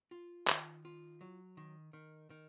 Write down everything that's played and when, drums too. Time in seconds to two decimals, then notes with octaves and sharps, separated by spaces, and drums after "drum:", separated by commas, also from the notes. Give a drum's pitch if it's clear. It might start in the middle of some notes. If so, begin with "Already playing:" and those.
0.11 F4
0.47 D#3, drum: clap
0.85 F4
1.21 F#3
1.57 D#3
1.93 D#3
2.30 D#3